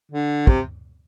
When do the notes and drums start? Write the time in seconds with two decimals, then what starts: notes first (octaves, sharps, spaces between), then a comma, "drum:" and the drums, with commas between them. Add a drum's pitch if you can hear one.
0.11 D3
0.47 C3, drum: kick